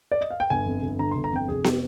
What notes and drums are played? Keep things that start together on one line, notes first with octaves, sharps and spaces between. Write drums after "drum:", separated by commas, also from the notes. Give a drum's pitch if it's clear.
D5
D#5
F5
G5
G1 G#5
F2
G1
D3 A#5
C6
G1
A#5
F2 G5
F1 G#4
G4, drum: snare